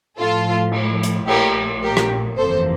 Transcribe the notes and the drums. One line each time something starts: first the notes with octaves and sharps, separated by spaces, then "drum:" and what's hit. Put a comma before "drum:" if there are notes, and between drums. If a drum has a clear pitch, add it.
A2 F3 A3 F4 A4
drum: cymbal
drum: hi-hat
A#1 A#2 A3 G4 A#4, drum: cymbal
G4 A#4
drum: rim click
G1 F2 C3 E3 A#3 A4 C5